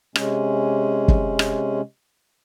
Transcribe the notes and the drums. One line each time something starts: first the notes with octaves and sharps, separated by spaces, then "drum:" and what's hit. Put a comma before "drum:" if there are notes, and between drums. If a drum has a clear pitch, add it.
C3 G#3 C#4, drum: rim click
drum: kick
drum: rim click